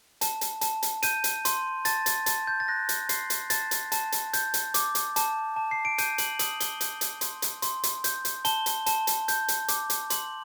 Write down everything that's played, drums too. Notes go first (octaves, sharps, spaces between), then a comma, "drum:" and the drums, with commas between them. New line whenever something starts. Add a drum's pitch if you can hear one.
A5, drum: hi-hat
drum: hi-hat
A5, drum: hi-hat
drum: hi-hat
G6 D#7, drum: hi-hat
drum: hi-hat
C6, drum: hi-hat
A5 A6, drum: hi-hat
A6, drum: hi-hat
A5 A6, drum: hi-hat
G6
A6
F#6 A#6
drum: hi-hat
C6 C7, drum: hi-hat
drum: hi-hat
A5 A6, drum: hi-hat
drum: hi-hat
A5, drum: hi-hat
drum: hi-hat
G6, drum: hi-hat
drum: hi-hat
D6, drum: hi-hat
drum: hi-hat
A5, drum: hi-hat
A5
C7
D7
G6 D#7, drum: hi-hat
F#7, drum: hi-hat
D#6 F#7, drum: hi-hat
G7, drum: hi-hat
G6, drum: hi-hat
drum: hi-hat
C6, drum: hi-hat
drum: hi-hat
C6, drum: hi-hat
drum: hi-hat
G6, drum: hi-hat
drum: hi-hat
A5 G7, drum: hi-hat
drum: hi-hat
A5, drum: hi-hat
drum: hi-hat
G6, drum: hi-hat
drum: hi-hat
D6, drum: hi-hat
drum: hi-hat
C6 F#7, drum: hi-hat